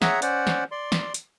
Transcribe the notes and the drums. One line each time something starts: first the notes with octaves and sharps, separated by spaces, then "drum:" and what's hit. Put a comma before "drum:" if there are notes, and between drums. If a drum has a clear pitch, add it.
G#4 C#5 E5 F#5 A#5, drum: snare
C#4 C5 D5 F#5, drum: hi-hat
drum: snare
D5 C6
drum: snare
drum: hi-hat